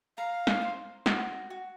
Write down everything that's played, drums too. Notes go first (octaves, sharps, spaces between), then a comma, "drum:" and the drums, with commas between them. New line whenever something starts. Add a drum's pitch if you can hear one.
F5 A#5
drum: snare
C5
F#4, drum: snare
F#4